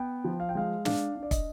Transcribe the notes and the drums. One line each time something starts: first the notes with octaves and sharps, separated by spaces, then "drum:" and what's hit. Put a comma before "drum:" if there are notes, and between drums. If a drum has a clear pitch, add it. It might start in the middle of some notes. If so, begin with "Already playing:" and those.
Already playing: B3 G5
F3
F5
G5
G#3 F5
D4 F5, drum: snare
D4
D5
D#5, drum: kick, hi-hat